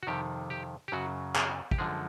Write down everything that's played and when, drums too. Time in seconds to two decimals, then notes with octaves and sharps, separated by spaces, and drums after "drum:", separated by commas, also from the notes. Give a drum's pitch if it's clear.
0.03 F#4
0.07 F2 C3 D#3 G4
0.50 G4
0.88 G4
0.92 F#2 C#3 F#3 F#4
1.35 G#4, drum: clap
1.71 G4, drum: kick
1.78 F#2 D3 F3 G#3 G#4